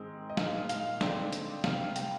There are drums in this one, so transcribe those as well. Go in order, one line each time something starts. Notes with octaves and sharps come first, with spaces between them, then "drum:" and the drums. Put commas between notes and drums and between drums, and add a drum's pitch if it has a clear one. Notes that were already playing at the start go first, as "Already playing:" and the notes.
Already playing: G#2 D#3 G#3 C4 D#4
D#5
A#2 G#3 D#4 F5, drum: snare
F5, drum: hi-hat
D3 G#3 C4 D#4 D5, drum: snare
drum: hi-hat
C3 G3 C4 F5, drum: snare
G5, drum: hi-hat